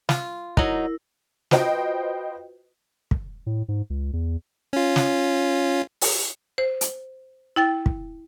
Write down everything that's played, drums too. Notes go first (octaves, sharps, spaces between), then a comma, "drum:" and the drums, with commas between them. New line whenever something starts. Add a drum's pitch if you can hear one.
F4, drum: snare
F#3 D#4 E4 A#4, drum: kick
F4 F#4 B4 C5 D#5 G5, drum: snare
drum: kick
A2
G#2
C#2
E2
C#4 F4
drum: snare
drum: open hi-hat
C5
drum: hi-hat
E4 G5 A6
drum: kick